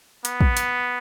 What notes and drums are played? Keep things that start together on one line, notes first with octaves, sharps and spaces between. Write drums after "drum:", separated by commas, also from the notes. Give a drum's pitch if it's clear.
B3, drum: hi-hat
drum: kick
drum: hi-hat